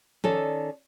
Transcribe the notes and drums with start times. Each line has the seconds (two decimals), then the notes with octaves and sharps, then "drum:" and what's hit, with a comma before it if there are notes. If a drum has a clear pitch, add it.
0.24 D#3 C#4 A4 D5, drum: tom F3